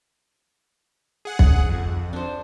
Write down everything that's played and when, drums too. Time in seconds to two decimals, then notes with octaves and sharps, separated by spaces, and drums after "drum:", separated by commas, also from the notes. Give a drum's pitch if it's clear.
1.25 G#4 F#5
1.39 drum: kick
1.69 F2
2.13 D4 C5